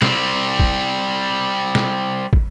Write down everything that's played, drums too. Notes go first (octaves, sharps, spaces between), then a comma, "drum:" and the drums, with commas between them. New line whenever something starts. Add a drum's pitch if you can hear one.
G3 C4, drum: snare
drum: kick
drum: snare
drum: kick